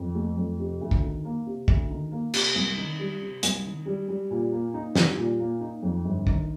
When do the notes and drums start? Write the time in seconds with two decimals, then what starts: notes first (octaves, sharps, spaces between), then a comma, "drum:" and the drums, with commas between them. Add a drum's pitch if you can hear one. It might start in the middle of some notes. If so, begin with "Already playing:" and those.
Already playing: F2
0.15 A3
0.37 F2
0.59 C3
0.81 D2
0.91 drum: kick
1.02 D#3
1.25 A#3
1.46 C3
1.68 D2, drum: kick
1.90 D#3
2.12 A#3
2.34 C3, drum: cymbal
2.55 C2
2.77 D#3
2.99 G3
3.21 C3
3.43 C2, drum: hi-hat
3.64 D#3
3.86 G3
4.08 G3
4.31 A#2
4.52 A#3
4.74 D#4
4.96 G3, drum: snare
5.17 A#2
5.39 A#3
5.61 D#4
5.82 F2
6.05 G1
6.27 D#3, drum: kick